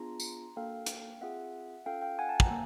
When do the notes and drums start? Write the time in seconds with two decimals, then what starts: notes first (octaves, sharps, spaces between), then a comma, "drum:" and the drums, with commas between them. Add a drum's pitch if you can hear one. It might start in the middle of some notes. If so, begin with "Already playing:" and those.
Already playing: B3 D4 F4 G#4 A#5 C6
0.20 drum: tambourine
0.56 A#3 D4 F#4 A4 F5 G5
0.86 drum: hi-hat
1.21 C4 F4 G#4 E5 F#5
1.86 C#4 F4 A4 F5 G5
2.02 F5 G5
2.19 F#5 G#5
2.29 G5 A5
2.40 G#5 A#5, drum: kick
2.51 A#3